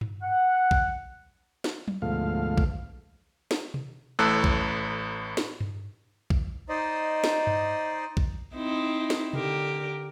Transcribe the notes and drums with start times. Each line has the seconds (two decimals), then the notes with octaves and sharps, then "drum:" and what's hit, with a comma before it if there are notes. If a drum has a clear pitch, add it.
0.01 drum: tom G2
0.22 F#5
0.71 drum: kick A#1
1.64 drum: snare
1.88 drum: tom F#3
2.02 D2 G#2 B2 F3 A3 F5
2.58 drum: kick A#1
3.51 drum: snare
3.74 drum: tom B2
4.19 A1 A2 A4 E6 F#6
4.44 drum: kick A#1
5.37 drum: snare
5.60 drum: tom G2
6.30 drum: kick A#1
6.69 D#4 C5 D5 D#5
7.24 drum: snare
7.47 drum: tom G2
8.17 drum: kick A#1
8.56 C4 D#4 E4
9.10 drum: snare
9.33 D3 G4 A#4, drum: tom B2